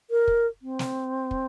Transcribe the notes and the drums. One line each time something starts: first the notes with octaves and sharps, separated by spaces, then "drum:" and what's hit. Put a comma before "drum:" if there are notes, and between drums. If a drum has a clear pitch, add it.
A#4
drum: kick
C4
drum: snare
drum: kick